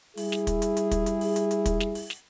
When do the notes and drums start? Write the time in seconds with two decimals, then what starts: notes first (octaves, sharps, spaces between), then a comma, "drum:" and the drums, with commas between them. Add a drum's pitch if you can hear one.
0.17 G3 E4 G#4, drum: open hi-hat
0.32 drum: snare
0.47 drum: kick, hi-hat
0.62 drum: hi-hat
0.77 drum: hi-hat
0.91 drum: kick, hi-hat
1.06 drum: hi-hat
1.21 drum: open hi-hat
1.36 drum: hi-hat
1.51 drum: hi-hat
1.66 drum: kick, hi-hat
1.80 drum: snare
1.95 drum: open hi-hat
2.10 drum: snare